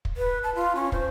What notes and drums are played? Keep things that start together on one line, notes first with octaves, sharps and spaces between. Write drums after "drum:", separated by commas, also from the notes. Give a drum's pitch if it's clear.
drum: kick
B4
A5
F4
C#4
C5, drum: kick